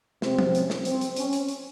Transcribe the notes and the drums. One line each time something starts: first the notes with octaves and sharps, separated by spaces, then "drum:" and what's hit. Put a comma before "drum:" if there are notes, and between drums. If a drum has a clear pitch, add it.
C3 F3 G#3 C4, drum: snare
drum: tom F3
C#4, drum: hi-hat
drum: snare
C4, drum: hi-hat
drum: hi-hat
C#4, drum: hi-hat
drum: hi-hat
drum: hi-hat